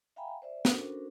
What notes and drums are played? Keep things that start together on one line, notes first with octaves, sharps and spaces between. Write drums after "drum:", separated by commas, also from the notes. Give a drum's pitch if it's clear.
E5 F5 G5 G#5 A#5 B5
C5 D5 E5
C#4 D4 F#4 A4 A#4 C5, drum: snare